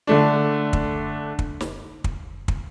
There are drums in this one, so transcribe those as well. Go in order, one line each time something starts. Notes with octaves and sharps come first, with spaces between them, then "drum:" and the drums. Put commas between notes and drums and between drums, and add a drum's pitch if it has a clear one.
D3 A3 D4
drum: kick
drum: kick
drum: snare
drum: kick
drum: kick